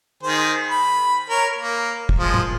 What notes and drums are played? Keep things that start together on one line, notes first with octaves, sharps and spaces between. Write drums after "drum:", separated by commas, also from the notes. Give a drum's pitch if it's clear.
D#3 G#4 C5
B5
A#4 C#5
A#3
drum: kick
F3 G#3
drum: tom